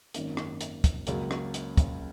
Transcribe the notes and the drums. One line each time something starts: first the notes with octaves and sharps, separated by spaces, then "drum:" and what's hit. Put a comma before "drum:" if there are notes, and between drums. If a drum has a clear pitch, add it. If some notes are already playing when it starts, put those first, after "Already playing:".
G#1 F#2 D#3 A#3 C#4, drum: hi-hat
drum: rim click
drum: hi-hat
drum: kick, hi-hat
C#2 C#3 F#3 A#3 C#4, drum: hi-hat
drum: rim click
drum: hi-hat
drum: kick, hi-hat